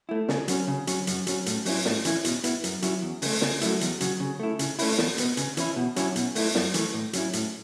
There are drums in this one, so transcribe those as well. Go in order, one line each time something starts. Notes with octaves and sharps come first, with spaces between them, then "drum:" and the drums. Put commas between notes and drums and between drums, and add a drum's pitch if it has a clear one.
A3 E4
C#3, drum: snare
F#3 C#4, drum: hi-hat
C#3
F#3 C#4, drum: hi-hat
F#2, drum: hi-hat
F#3 C#4, drum: hi-hat
A2, drum: hi-hat
F#3 C#4 E4, drum: open hi-hat
A2, drum: snare
E3 C#4 E4, drum: hi-hat
B2, drum: hi-hat
B3 E4, drum: hi-hat
F#2, drum: hi-hat
F#3 C#4 E4, drum: hi-hat
E2
C#3 A3, drum: open hi-hat
C#3, drum: snare
F#3 A3 E4, drum: hi-hat
E2, drum: hi-hat
C#3 F#3, drum: hi-hat
C#3
A3 E4
C#3, drum: hi-hat
A3 C#4 E4, drum: open hi-hat
E2, drum: snare
B2 B3, drum: hi-hat
C#3, drum: hi-hat
E3 C#4 E4, drum: hi-hat
B2
F#3 C#4 E4, drum: hi-hat
B2, drum: hi-hat
A3 E4, drum: open hi-hat
F#2, drum: snare
E3 A3, drum: hi-hat
A2
F#3 C#4 E4, drum: hi-hat
A2, drum: hi-hat